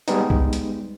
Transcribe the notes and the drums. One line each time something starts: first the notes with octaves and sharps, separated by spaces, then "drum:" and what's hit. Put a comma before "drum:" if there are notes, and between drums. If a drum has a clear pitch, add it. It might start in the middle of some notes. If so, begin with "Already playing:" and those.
G3 G#3 B3 D#4, drum: hi-hat
drum: kick C2
drum: hi-hat